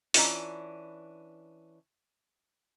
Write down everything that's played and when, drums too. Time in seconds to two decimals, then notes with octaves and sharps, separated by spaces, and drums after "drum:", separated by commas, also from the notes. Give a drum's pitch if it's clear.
0.14 E3 C#4 D4 F4 D#5 A#5, drum: open hi-hat